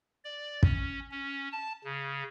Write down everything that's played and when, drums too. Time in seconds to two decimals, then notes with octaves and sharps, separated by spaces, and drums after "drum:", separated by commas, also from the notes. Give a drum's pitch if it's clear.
0.24 D5
0.63 C#4, drum: kick
1.12 C#4
1.52 A5
1.85 C#3